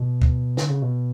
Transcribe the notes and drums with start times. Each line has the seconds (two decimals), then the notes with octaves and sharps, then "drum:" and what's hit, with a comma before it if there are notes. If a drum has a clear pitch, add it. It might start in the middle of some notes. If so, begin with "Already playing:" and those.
Already playing: B2
0.22 drum: kick
0.57 D3, drum: snare
0.69 C#3
0.82 B2